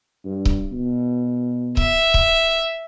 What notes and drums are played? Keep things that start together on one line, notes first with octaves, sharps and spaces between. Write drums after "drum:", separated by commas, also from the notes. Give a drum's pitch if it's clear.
G2
drum: kick C#1
B2
E5, drum: kick C#1
drum: kick C#1